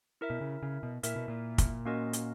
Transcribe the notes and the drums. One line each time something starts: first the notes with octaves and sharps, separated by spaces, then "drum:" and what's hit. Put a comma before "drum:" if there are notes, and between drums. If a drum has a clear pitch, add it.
E4 A#4 E5
B2
C#3
C#3
B2
A#2 E4 A#4 E5, drum: hi-hat
B2
A#2
drum: kick, hi-hat
A#3 C#4 F#4 A#4 D#5
drum: hi-hat